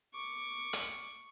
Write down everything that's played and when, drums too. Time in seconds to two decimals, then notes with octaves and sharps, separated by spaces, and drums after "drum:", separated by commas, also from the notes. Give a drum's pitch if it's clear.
0.14 C#6 D6
0.73 drum: hi-hat